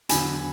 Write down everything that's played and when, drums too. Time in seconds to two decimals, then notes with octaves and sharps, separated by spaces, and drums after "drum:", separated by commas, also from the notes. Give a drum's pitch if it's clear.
0.09 E2 D3 F#3 G#5 B5, drum: hi-hat